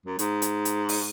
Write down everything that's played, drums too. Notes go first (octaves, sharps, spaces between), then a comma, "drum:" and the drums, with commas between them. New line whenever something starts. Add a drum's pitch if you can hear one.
F#2
G#2, drum: hi-hat
drum: hi-hat
drum: hi-hat
drum: open hi-hat